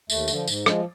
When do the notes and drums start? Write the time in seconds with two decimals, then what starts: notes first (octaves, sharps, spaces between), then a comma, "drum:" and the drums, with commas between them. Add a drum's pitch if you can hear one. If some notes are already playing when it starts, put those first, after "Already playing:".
0.10 D#2 A3, drum: tambourine
0.28 D3, drum: tambourine
0.33 F3
0.48 G#2, drum: tambourine
0.66 F3 G#3, drum: rim click